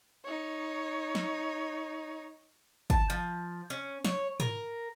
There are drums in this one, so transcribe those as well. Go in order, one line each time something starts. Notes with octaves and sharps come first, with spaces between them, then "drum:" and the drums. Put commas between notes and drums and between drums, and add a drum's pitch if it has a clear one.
D#4 C#5
drum: snare
A5, drum: kick
F3
C#4
C#5, drum: snare
A#4, drum: tom